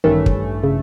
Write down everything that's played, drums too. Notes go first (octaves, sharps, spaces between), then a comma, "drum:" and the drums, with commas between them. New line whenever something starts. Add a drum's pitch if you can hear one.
A1 G2 D#3 E3 A3 C#4
drum: kick
C#3